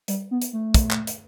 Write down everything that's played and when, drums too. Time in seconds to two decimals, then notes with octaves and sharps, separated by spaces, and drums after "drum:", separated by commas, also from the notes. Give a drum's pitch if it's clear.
0.08 G3, drum: hi-hat
0.31 B3
0.42 drum: hi-hat
0.53 A3
0.74 drum: kick, hi-hat
0.91 drum: clap
1.07 drum: hi-hat